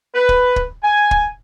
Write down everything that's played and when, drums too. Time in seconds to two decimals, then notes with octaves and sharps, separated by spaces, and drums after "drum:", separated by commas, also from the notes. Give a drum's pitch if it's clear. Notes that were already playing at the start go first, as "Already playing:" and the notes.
0.15 B4
0.29 drum: kick
0.56 drum: kick
0.84 G#5
1.11 drum: kick